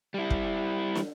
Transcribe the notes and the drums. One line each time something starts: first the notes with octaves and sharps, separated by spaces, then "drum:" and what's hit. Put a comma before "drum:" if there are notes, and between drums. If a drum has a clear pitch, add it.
G3 E4
drum: kick
drum: snare